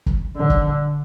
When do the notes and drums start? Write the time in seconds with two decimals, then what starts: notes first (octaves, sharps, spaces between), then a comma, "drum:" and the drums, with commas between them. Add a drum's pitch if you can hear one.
0.06 drum: kick
0.37 D3
0.50 drum: kick